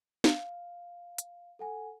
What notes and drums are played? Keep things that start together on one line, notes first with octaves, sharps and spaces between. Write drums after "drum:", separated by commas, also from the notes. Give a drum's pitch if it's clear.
F5, drum: snare
drum: hi-hat
A4 F#5 G#5